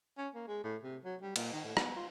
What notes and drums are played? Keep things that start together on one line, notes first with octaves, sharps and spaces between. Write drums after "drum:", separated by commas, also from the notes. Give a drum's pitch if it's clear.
C#4
A#3
G#3
A2
C3
F#3
G3
A#2, drum: cymbal
D#3
A2
B3, drum: rim click
F4